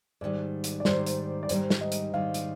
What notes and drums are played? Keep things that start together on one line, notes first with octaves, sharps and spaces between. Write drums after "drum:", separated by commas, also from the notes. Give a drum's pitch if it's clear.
G#2 D#3 G3 D5
drum: hi-hat
D5
G#2 D#3 G3 C5, drum: snare
drum: hi-hat
D5
G#2 D#3 G3 C5, drum: hi-hat
drum: snare
D#5
drum: hi-hat
G#2 D#3 G3 F5
drum: hi-hat